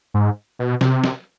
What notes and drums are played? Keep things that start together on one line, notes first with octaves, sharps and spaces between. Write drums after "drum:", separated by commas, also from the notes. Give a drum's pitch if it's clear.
G#2
B2
C3, drum: snare
drum: snare